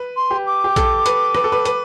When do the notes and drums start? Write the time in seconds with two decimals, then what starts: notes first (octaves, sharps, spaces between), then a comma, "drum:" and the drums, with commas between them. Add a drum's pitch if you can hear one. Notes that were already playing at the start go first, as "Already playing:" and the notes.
Already playing: B4
0.16 C6
0.31 G4
0.47 D6
0.64 G4
0.76 A4, drum: kick A#1, hi-hat
1.06 B4, drum: hi-hat
1.35 B4, drum: rim click
1.44 A4
1.52 B4
1.65 B4, drum: hi-hat